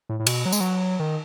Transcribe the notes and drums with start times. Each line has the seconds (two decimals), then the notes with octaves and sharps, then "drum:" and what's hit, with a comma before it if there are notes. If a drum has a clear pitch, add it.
0.09 A2
0.20 A2
0.27 B2, drum: cymbal
0.46 F#3
0.52 G#3, drum: tambourine
0.60 F#3
1.00 D#3